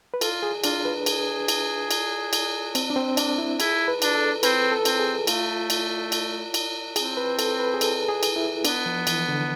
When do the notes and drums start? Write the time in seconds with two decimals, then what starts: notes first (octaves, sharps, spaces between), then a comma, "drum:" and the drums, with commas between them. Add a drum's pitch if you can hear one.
0.14 B4
0.21 F4 A4, drum: cymbal
0.43 G#4
0.64 D4 F4, drum: cymbal
0.85 B4
1.06 G#4, drum: cymbal
1.48 drum: cymbal
1.91 drum: cymbal
2.33 drum: cymbal
2.75 C4, drum: cymbal
2.90 D4
2.96 C4
3.17 D4, drum: cymbal
3.38 E4
3.60 E4 G#4, drum: cymbal
3.88 B4
4.02 D4, drum: cymbal
4.15 A4
4.43 C4 B4, drum: cymbal
4.72 A4
4.85 C4, drum: cymbal
5.00 G#4
5.27 A3 F4, drum: cymbal
5.70 drum: cymbal
6.12 drum: cymbal
6.54 drum: cymbal
6.96 C4 G#4, drum: cymbal
7.17 B4
7.39 A4, drum: cymbal
7.59 B4
7.74 G#4
7.81 A4, drum: cymbal
8.09 G#4
8.23 drum: cymbal
8.36 E4
8.65 B3 D4, drum: cymbal
8.86 F3
9.07 E3, drum: cymbal
9.29 D3